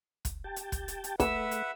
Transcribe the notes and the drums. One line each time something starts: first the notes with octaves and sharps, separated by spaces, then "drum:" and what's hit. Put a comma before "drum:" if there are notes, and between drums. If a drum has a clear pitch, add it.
drum: kick, hi-hat
G4 G5 A5
drum: hi-hat
drum: kick, hi-hat
drum: hi-hat
drum: hi-hat
A3 B4 E5 F#5 E6, drum: kick, hi-hat
drum: hi-hat